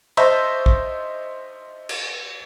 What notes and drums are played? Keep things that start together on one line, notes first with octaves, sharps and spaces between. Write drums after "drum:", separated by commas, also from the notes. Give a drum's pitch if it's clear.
C5 D#5 E5 A5 C#6, drum: cymbal
drum: kick
drum: cymbal